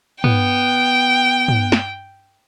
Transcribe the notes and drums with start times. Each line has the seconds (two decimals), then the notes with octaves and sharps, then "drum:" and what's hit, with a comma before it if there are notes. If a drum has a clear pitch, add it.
0.24 B3 G5, drum: tom
1.48 drum: tom
1.72 drum: snare